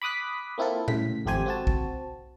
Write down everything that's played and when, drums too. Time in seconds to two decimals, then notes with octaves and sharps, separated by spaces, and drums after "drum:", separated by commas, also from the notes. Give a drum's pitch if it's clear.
0.02 B5 D6 D#6 F#6 B6
0.58 A#3 C4 E4 F4 A4
0.88 A2 C#3 B6, drum: tom A#2
1.26 G#1 F2 A3 G4 C5 G#5
1.46 C4 F#4 A5
1.67 drum: kick A#1